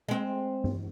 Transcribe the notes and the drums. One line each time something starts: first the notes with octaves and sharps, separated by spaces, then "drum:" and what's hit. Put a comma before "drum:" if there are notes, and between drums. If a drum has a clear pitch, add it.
G#3 C4
drum: tom G2